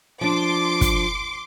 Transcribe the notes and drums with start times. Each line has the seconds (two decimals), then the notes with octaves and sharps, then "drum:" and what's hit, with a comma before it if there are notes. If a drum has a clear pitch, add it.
0.21 F3 D4 C6 D6
0.81 drum: kick, hi-hat